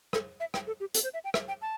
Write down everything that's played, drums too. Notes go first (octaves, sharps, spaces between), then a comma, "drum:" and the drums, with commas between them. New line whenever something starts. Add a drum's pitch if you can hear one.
A4, drum: rim click
E5
G5, drum: rim click
A4
G4
A4, drum: hi-hat
C5
E5
G5
E5, drum: rim click
G5
A5